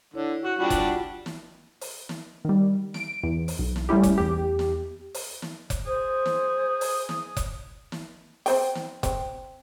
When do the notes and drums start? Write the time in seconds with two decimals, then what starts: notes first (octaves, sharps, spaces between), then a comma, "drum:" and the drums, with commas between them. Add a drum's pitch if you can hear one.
0.14 D3 E4 C#5
0.44 F#4 C#6 F#6
0.59 G3 D4 F4 F#4 F#5 G5
0.70 drum: kick F1, hi-hat
1.26 drum: snare
1.81 drum: open hi-hat
2.09 drum: snare
2.45 D#3 G3
2.94 D7, drum: snare
3.23 E2
3.48 drum: open hi-hat
3.59 B1
3.76 drum: snare
3.89 G3 A3 C#4 E4 G4
4.03 drum: kick F1, hi-hat
4.18 E2 G4
4.59 drum: snare
5.14 drum: open hi-hat
5.42 drum: snare
5.70 drum: kick F1, hi-hat
5.86 G#4 C5
6.26 drum: snare
6.81 drum: open hi-hat
7.09 drum: snare
7.37 drum: kick F1, hi-hat
7.92 drum: snare
8.46 C4 C5 G5, drum: open hi-hat
8.75 drum: snare
9.03 C4, drum: kick F1, hi-hat